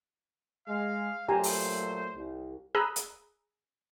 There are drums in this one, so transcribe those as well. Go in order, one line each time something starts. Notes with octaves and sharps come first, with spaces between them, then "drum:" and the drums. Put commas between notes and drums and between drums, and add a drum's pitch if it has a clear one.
G#3 F5
A#2 F#3 A3 G4 C5 G#5 A#5
drum: open hi-hat
C2
G#4 A#5 B5 D#6 E6 F#6
drum: hi-hat